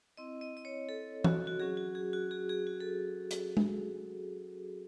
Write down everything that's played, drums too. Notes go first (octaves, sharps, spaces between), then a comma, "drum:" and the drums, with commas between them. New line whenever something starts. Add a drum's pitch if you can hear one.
C4 E4 D#5
D#5
D#5
C#5
A4
F#4, drum: tom E3
F#4
F#3 C#4 F#4 G#4
F#4
G#4
F#4
G#4
G#4
F#4
A4
drum: hi-hat
drum: tom G#3